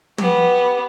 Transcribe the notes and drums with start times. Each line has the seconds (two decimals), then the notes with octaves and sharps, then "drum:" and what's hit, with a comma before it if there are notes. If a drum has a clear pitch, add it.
0.18 B3 G4, drum: tom